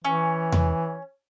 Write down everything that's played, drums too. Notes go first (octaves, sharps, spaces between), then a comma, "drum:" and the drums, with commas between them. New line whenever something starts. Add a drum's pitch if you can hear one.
E3 C#4
drum: tom E2